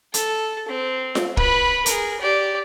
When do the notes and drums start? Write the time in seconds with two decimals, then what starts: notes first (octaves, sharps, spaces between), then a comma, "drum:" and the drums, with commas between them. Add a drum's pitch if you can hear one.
0.14 A4, drum: hi-hat
0.68 C4
1.15 drum: snare F4
1.37 B4 B5, drum: kick
1.86 G#4 A#4, drum: hi-hat
2.20 G4 D5